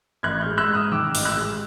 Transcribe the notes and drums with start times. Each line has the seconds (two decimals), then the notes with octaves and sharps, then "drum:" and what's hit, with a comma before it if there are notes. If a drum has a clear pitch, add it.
0.23 A1 F#6 G#6
0.41 F6 G6
0.46 G#3
0.57 E6 F#6
0.68 G#2
0.74 D#6 F6
0.92 D#3 D6 E6
1.15 A1, drum: open hi-hat
1.25 E6 F#6
1.37 G#3